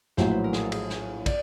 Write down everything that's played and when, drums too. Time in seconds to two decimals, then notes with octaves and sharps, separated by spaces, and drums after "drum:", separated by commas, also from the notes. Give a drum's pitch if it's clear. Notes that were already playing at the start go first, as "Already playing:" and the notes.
0.17 A#1 A2 F#3 C5, drum: snare
0.31 B4
0.44 A#4
0.53 G#4, drum: snare
0.58 A4
0.72 G#4, drum: cymbal
0.90 drum: snare
1.26 D5, drum: kick, cymbal